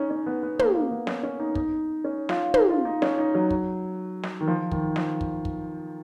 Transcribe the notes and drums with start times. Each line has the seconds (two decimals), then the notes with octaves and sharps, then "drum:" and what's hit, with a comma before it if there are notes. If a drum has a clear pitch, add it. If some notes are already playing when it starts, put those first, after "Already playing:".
Already playing: C#4 D#4
0.10 C#4
0.26 B3
0.43 B3
0.59 A#3, drum: tom
0.75 A#3
0.91 B3
1.07 C#4, drum: snare
1.23 C#4
1.40 D#4
1.55 D#4, drum: kick
2.04 C#4
2.29 F4, drum: snare
2.54 D#4, drum: tom
2.70 F4
2.85 D#4
3.02 C#4, drum: snare
3.18 D#4
3.35 F#3
3.51 drum: kick
4.23 drum: snare
4.41 D#3
4.48 F3
4.72 D#3, drum: kick
4.96 F3, drum: snare
5.21 drum: kick
5.45 drum: kick